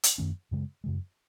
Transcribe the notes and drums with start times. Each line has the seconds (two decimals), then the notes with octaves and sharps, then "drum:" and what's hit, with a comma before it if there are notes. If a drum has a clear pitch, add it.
0.03 drum: hi-hat
0.18 F#2 D#3 A3 C#4
0.51 F#2 C#3 G#3
0.84 F#2 C#3 G#3